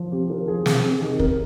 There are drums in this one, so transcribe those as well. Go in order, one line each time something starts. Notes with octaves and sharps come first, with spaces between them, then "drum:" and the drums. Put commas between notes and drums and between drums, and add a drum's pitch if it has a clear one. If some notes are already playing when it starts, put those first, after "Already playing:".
Already playing: F3
C3 G4
F3 A#4
F3 G#4
C3 G#4, drum: snare
C3
G#4
D#3
C3 A#4, drum: kick